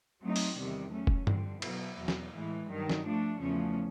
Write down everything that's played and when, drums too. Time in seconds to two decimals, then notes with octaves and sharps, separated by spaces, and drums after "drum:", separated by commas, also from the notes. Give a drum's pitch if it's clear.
0.21 F#3 A3 C4 D#4
0.36 drum: open hi-hat
0.56 E2 C3 D#3 G3
0.92 F#3 A3 C#4
1.07 drum: kick
1.27 F2 D3 G3 C4, drum: tom G2
1.62 B2 F#3 B3 E4, drum: cymbal
1.98 E2 B2 F#3
2.08 drum: snare
2.33 A2 E3 G#3
2.68 G2 D#3 F#3
2.90 drum: snare
3.03 F3 A3 D4
3.39 E2 C#3 F3 A3 C#4